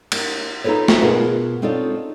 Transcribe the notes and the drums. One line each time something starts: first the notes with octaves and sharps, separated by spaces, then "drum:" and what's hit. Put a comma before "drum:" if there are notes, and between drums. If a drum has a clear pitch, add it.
A#3, drum: cymbal
D#4 F4 G4 A4 B4 C#5
drum: snare
B2 F4 G#4 A#4 B4
C4 D4 D#4 F4 A4 C#5